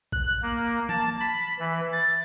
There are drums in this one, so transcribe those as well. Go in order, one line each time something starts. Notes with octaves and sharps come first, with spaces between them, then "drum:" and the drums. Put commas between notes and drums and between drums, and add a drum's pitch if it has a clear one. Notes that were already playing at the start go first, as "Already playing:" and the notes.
F#6, drum: kick
A#3
A5, drum: tom
B5
E3
A6